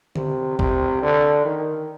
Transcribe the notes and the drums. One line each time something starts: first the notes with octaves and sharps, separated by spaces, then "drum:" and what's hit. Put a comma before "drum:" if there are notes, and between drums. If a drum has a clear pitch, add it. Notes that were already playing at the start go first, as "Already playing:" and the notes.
C3, drum: tom D3
C3, drum: kick
D3
D#3